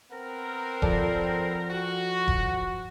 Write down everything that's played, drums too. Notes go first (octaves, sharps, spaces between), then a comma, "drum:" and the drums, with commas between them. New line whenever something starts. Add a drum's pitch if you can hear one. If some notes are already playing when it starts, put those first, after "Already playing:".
B3 C4 A#4
F3 A4 D5, drum: kick E1
F#4
drum: kick E1